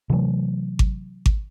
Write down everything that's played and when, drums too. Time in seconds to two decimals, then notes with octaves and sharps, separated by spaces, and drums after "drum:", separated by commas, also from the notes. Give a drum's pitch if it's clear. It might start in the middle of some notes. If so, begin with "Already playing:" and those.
0.10 C3 E3 F#3 A3
0.79 drum: kick G#1
1.26 drum: kick G#1